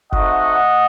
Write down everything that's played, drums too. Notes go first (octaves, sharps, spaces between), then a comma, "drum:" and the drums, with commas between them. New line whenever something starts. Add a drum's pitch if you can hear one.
A3 C4 D#4 F#4 D#5 F#5, drum: kick F#1